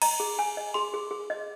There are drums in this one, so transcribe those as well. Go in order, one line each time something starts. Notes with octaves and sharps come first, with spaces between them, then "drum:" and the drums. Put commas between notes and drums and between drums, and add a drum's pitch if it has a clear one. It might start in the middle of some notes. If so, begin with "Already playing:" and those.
D#5 A#5, drum: cymbal
G#4
G#5
D#5
G#4 C6
G#4
G#4
D#5